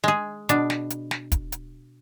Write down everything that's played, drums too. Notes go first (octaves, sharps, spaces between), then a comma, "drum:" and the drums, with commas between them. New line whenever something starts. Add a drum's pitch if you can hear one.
G#3 G#4
B2 D4, drum: hi-hat
drum: snare
drum: hi-hat
drum: snare
drum: kick, hi-hat
drum: hi-hat